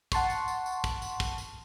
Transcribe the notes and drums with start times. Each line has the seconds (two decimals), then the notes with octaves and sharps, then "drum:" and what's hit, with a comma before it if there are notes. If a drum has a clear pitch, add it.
0.12 F#5 A5 C6 C#6, drum: kick, tambourine
0.30 drum: tambourine
0.48 drum: tambourine
0.66 drum: tambourine
0.84 drum: kick, tambourine
1.02 drum: tambourine
1.20 drum: kick, tambourine
1.38 drum: tambourine